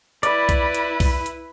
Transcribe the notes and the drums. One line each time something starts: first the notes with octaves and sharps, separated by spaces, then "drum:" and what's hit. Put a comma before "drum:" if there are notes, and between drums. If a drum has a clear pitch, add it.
E4 B4 D5, drum: hi-hat
drum: kick B1, hi-hat
drum: hi-hat
drum: kick B1, open hi-hat
drum: hi-hat